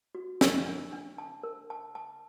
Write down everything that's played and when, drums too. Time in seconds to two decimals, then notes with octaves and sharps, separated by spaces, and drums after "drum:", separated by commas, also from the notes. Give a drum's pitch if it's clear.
0.15 F#4
0.41 A#4, drum: snare
0.66 D4
0.93 D4
1.18 A5
1.43 A#4
1.70 A5
1.95 A5